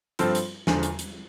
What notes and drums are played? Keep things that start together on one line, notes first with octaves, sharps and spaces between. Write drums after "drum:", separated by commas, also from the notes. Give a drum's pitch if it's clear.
G2 F3 C4 F4 A4, drum: hi-hat
drum: hi-hat
E1 E2 D3 F3, drum: snare
drum: hi-hat
drum: hi-hat